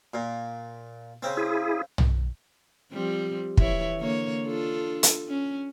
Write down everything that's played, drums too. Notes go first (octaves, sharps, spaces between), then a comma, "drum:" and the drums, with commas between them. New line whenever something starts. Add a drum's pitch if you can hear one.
A#2
C#3 C4
E4 G#4
drum: tom
F3 G3 C4
E3 E4 C#5, drum: kick
D3 A#3 C#5
D4 F4 A4
drum: hi-hat
C#4